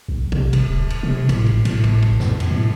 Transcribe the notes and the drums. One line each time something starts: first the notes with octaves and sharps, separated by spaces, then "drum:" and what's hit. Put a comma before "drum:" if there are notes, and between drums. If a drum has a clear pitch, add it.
B1
C3, drum: kick
drum: kick, cymbal
D1
drum: cymbal
C3
A2, drum: kick, cymbal
drum: kick
A2, drum: cymbal
drum: kick
drum: kick
F2, drum: snare
drum: cymbal
A2